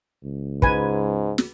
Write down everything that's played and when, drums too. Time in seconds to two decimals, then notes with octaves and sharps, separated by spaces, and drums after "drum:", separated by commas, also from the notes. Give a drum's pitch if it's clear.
0.24 C#2
0.62 G#2 B4 G#5, drum: kick
1.38 drum: snare